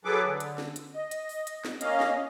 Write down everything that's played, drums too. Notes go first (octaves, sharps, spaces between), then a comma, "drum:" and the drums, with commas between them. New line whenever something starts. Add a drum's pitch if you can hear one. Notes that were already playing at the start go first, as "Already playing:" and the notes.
F#3 G#4 A4 B4 D6
D3
drum: hi-hat
drum: snare
drum: hi-hat
D#5
drum: hi-hat
drum: open hi-hat
drum: hi-hat
drum: snare
A#3 C#4 D#5 F5, drum: hi-hat
drum: snare